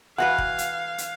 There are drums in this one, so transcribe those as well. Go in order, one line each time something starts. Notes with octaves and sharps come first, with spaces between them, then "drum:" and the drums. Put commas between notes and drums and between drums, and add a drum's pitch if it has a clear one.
E3 F#4 B4 F5 F#5 F#6 G#6
drum: kick
drum: hi-hat
drum: hi-hat